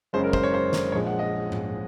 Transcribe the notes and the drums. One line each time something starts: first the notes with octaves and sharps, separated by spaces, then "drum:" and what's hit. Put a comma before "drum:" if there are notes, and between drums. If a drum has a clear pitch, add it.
F#1 F#2 C#3 G#3 C5
A#4
C5, drum: kick
C#5
C5
drum: snare
A#1 A#2 F3 G#3 C#5
F#5
D#5
drum: tom G#2